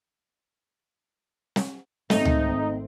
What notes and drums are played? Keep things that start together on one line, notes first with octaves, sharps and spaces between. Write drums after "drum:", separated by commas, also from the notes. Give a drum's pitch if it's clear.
drum: snare
G#1 A3 C4 D#4 D#5, drum: snare
drum: tom C#2